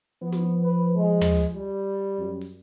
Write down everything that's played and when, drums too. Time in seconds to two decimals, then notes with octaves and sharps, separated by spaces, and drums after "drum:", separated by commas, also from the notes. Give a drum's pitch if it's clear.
0.22 F3 B3
0.32 drum: snare
0.64 B4
0.95 G#3
1.21 drum: tom
1.53 G3
2.19 F#2
2.41 drum: open hi-hat